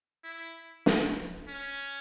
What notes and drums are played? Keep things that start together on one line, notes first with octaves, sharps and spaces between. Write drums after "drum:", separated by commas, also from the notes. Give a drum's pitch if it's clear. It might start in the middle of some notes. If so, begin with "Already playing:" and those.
E4
drum: snare
C#4